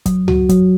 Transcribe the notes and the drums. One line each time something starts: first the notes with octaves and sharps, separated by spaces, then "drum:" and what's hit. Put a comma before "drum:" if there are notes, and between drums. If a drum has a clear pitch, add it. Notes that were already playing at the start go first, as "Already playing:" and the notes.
F#3, drum: kick, hi-hat
F#4, drum: tom C#2
F#3, drum: kick, hi-hat